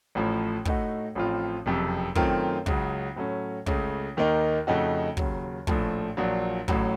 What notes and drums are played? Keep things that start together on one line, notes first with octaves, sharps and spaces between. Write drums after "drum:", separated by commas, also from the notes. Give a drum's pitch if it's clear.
A1 A2 F3
A2 A3 D#4 F#4, drum: kick
A1 A2 F3 C4 F4
F#1 F2 C3
F#2 D#3 A3 C4 F4, drum: kick
C#2 C#3 F#3, drum: kick
A2 F#3 A3 C#4
C#2 C#3 A3, drum: kick
D#2 D#3 A#3 D#4
F2 C#3 A3 D#4 F#4
D#2 C#3 F#3, drum: kick
A#1 A2 F3 A3, drum: kick
A#1 A#2 F#3
A1 A2 F#3, drum: kick